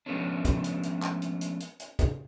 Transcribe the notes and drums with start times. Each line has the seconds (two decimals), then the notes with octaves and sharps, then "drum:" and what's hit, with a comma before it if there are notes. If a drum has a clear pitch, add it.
0.06 F3 G#3 A3 B3 C#4 D4
0.45 drum: kick, hi-hat
0.64 drum: hi-hat
0.83 drum: hi-hat
1.03 drum: clap
1.22 drum: hi-hat
1.41 drum: hi-hat
1.60 drum: hi-hat
1.80 drum: hi-hat
1.99 drum: kick, hi-hat